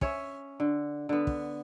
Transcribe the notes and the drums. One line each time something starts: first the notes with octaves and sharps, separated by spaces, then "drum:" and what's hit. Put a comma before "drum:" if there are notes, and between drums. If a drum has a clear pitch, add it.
C#4 C#5 E5, drum: kick
D3
D3 B3
drum: kick